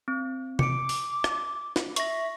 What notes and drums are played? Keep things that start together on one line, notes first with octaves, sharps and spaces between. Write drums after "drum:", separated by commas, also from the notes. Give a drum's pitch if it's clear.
C4
D6 C#7 D7, drum: tom C3
drum: open hi-hat
drum: rim click
drum: snare
E5 C#6 A#6, drum: hi-hat